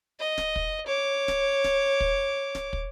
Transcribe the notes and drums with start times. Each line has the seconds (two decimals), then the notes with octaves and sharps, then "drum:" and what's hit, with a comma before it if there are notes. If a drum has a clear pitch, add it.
0.19 D#5
0.38 drum: snare
0.56 drum: kick
0.86 C#5 D6
1.28 drum: snare
1.64 drum: snare
2.00 drum: kick
2.55 drum: snare
2.73 drum: kick